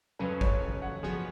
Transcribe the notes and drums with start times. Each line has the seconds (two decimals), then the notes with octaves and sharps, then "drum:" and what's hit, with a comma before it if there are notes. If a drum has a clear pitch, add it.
0.19 F2 C#3 F#3 C#4 B4
0.41 C#5, drum: kick A1
0.82 F#5
1.03 F3 B3 F#4 G#4 C#5